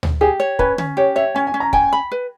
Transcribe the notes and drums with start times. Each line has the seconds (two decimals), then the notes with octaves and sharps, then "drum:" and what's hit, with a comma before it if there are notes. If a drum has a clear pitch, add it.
0.03 drum: tom D2
0.21 G4 G#4
0.40 C#5
0.59 C#4 B4, drum: kick
0.78 C#4, drum: tom D3
0.97 G4 C#5
1.15 C#5 E5
1.35 C#4 G#5
1.47 G#5
1.54 C#4
1.60 A#5
1.73 G5 G#5, drum: kick
1.93 B5
2.12 B4